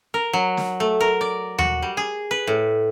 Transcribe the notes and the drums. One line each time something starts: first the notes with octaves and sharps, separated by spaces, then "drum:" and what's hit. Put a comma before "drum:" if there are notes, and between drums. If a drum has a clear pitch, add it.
A#4
F#3
drum: snare
A3
A#4
D5
F#4, drum: tom D#2
G3
G#4
B4
A2